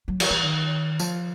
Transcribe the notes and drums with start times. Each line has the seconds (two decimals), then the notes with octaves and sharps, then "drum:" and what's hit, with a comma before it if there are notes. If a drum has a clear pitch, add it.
0.08 F#3
0.20 F3, drum: cymbal
0.30 E3
0.43 D#3
0.99 F3, drum: tambourine